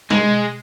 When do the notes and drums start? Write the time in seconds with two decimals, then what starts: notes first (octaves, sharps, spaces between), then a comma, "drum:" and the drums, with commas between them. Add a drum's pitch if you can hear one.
0.10 G#3, drum: tom